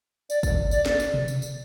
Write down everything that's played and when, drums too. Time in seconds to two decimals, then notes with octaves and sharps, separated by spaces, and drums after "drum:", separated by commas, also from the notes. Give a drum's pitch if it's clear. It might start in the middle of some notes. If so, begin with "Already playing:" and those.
0.30 D5, drum: tambourine
0.43 drum: kick, tambourine
0.71 D5, drum: tambourine
0.86 drum: snare
1.00 drum: tambourine
1.14 drum: tom B2
1.28 drum: tambourine
1.42 drum: tambourine